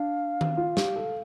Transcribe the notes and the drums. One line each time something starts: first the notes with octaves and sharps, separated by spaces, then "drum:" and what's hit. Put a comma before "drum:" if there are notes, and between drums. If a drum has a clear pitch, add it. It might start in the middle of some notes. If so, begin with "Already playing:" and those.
Already playing: D4 F5
drum: tom D#3
F4
G4, drum: snare
A4